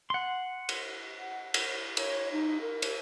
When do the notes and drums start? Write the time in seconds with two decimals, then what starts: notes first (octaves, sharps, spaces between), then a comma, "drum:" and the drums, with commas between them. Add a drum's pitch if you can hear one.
0.10 F#5 C6
0.69 drum: cymbal
1.19 F#5
1.54 drum: cymbal
1.97 C#5, drum: cymbal
2.32 D#4
2.61 A#4
2.82 drum: cymbal